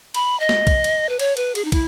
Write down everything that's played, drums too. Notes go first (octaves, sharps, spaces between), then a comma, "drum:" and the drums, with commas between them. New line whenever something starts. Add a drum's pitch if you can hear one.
B5, drum: cymbal
D#5
drum: snare
drum: kick, cymbal
drum: cymbal
B4
C#5, drum: cymbal
B4, drum: cymbal
G#4, drum: cymbal
D#4
E4, drum: kick, cymbal